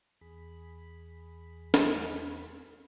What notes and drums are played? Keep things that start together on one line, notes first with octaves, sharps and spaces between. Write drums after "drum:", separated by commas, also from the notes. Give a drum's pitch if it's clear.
E2 G#4 B5
drum: snare